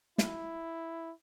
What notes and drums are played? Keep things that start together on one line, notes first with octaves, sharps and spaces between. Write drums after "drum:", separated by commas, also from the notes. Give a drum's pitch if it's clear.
E4, drum: snare